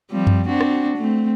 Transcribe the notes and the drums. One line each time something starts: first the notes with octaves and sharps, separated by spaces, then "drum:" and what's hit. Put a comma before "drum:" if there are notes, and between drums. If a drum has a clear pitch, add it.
F3 G3 C4
drum: tom F#2
C4 D4 F#4
drum: rim click
A3 C4